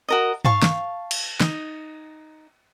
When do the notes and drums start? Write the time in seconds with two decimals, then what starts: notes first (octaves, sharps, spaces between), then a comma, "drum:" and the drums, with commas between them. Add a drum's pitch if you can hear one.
0.09 F#4 A#4 D#5
0.45 F5 A5 C#6, drum: tom
0.62 drum: snare
1.11 drum: cymbal
1.40 D#4, drum: snare